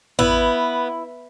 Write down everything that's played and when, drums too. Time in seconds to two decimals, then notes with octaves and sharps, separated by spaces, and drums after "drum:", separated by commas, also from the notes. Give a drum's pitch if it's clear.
0.19 B3 E4, drum: tom A1